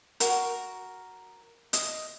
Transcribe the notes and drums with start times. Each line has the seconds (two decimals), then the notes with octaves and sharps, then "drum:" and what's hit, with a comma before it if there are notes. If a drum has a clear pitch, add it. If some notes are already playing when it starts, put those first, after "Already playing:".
0.20 F#4 A#4, drum: hi-hat
1.73 D#5, drum: hi-hat